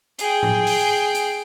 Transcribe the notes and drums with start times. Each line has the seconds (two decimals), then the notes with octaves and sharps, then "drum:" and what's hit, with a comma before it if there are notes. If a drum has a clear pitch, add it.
0.19 G#4 G5, drum: hi-hat
0.43 drum: tom A2
0.67 drum: open hi-hat
1.15 drum: hi-hat